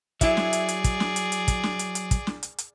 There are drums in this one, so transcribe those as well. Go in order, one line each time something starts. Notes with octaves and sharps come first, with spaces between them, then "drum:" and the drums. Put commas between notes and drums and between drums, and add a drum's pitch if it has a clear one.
F#3 E4 G#4 D5 E5, drum: kick, hi-hat
drum: snare
drum: hi-hat
drum: hi-hat
drum: kick, hi-hat
drum: snare
drum: hi-hat
drum: hi-hat
drum: kick, hi-hat
drum: snare
drum: hi-hat
drum: hi-hat
drum: kick, hi-hat
drum: snare
drum: hi-hat
drum: hi-hat